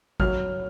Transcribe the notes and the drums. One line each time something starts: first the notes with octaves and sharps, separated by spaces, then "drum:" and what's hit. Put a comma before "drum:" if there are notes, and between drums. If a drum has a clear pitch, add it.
F#3 F6, drum: kick G#1